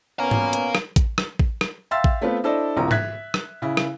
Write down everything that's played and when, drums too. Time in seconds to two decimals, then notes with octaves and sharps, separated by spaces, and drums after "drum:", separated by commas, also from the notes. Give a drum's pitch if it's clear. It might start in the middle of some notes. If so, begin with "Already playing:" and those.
0.19 A#2 A#3 B3 C#4 F5 A#5
0.31 drum: tom G#2
0.53 drum: hi-hat
0.75 drum: rim click
0.96 drum: kick A1, hi-hat
1.18 drum: rim click
1.39 drum: kick A1
1.61 drum: rim click
1.91 E5 F5 G5 C6 E6 A6
2.04 drum: kick A1
2.21 A3 B3 C4 F4 B4
2.44 D4 E4 A4 C5 D5 D#5
2.77 D#1 A#1 E2 C3 F3 A#5
2.91 E5 F#6 G#6 B6, drum: tom G#2
3.34 drum: rim click
3.62 C#3 E4
3.77 drum: rim click